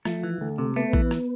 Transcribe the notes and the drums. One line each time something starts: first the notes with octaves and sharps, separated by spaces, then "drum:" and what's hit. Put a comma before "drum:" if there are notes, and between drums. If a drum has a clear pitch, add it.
F3 A3, drum: rim click
E3
D2 A3
C3
A3 B3
E3, drum: kick A1
drum: rim click